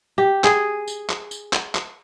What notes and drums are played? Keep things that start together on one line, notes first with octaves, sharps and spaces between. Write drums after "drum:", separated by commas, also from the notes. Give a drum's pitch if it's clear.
G4
G#4, drum: clap
drum: tambourine
drum: clap
drum: tambourine
drum: clap
drum: clap